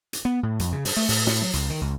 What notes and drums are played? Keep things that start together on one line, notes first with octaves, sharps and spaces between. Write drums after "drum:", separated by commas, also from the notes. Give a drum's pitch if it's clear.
drum: hi-hat
B3
A2
F2, drum: hi-hat
C#3
G2, drum: open hi-hat
A3
A2, drum: open hi-hat
A2, drum: snare
F#3
C#2, drum: hi-hat
D#3
C#2